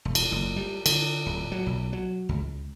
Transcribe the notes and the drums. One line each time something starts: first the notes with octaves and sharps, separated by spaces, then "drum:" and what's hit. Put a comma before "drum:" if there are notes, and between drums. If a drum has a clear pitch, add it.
E1
drum: cymbal
F#1
G3
D3, drum: cymbal
D1
F#3
B1
F#3
C#2